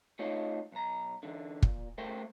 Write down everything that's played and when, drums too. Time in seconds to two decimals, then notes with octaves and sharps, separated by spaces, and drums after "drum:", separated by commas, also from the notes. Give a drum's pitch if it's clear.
0.19 A3 D#4 F4 C#5 D#5
0.72 B1 A#5
1.23 D3 E3
1.62 A#2, drum: kick
1.98 A3 A#4 C5 E5 G5